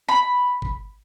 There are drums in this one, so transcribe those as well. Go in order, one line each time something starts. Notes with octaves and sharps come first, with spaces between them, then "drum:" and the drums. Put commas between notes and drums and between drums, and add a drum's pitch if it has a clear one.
B5
drum: kick G1